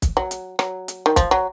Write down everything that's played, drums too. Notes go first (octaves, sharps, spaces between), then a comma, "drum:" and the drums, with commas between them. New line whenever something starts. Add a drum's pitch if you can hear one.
drum: kick B1, hi-hat
F#3
drum: hi-hat
F#3, drum: rim click
drum: hi-hat
D#3
F3, drum: kick B1, hi-hat
F#3